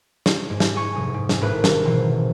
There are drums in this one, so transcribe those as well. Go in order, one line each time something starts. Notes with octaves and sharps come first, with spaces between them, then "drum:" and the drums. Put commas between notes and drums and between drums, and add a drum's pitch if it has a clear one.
drum: snare
G#2 G#3
drum: snare
D#4 G#5 C#6
F1 D#6
G#2
drum: snare
G#1 A2 D#3 B4 B5 F#6
drum: snare
B2 E3 F#3 C4 C5